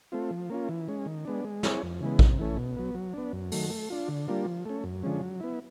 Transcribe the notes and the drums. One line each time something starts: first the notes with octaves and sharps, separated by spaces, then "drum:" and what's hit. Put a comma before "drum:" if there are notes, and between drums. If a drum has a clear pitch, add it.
A3 C4 F4
F3
A#3 C#4 F4
E3
G#3 C#4
D#3
G#3 B3 D4
G#3
C4 E4 G#4 C#5, drum: snare
F2
C#3 E3 G#3 B3
C3, drum: kick A#1
E3 A3 C#4
B2
F#3 B3
F#3
B3 D4
F#2
D#3 F#3 A3, drum: open hi-hat
A3
D4 F4
D3
G3 A#3 D4 F4
F3
A3 C#4
F#2
D3 F3 G#3 C#4
F#3
B3 E4